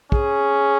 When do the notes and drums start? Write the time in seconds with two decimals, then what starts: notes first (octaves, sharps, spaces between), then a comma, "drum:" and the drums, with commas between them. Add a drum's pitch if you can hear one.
0.12 C#4 G#4, drum: kick